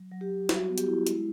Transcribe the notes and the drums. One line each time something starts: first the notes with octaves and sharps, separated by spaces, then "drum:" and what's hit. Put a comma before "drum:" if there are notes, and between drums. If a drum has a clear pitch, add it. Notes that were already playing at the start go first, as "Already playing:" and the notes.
Already playing: F#3
F#3
G4
F#3
G3 F#4, drum: snare
B3
G4, drum: hi-hat
E4
G#3, drum: hi-hat